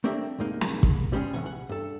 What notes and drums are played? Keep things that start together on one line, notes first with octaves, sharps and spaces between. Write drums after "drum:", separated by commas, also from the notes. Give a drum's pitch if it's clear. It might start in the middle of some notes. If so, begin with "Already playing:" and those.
A3 A#3 C4 D4 G4 E5
B1 G2 G#3 A#3 D#4
drum: snare
drum: kick
A#2 G3 G#3 A#3 C#4 G#4
A2 C3 E3 F#5 G#5
F#5
G2 A4